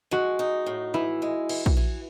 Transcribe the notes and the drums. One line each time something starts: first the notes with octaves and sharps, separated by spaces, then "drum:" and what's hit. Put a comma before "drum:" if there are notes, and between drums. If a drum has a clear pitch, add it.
G#3 F#4
D#4
A2
E3 E4
G#3
E3, drum: cymbal
drum: kick
E3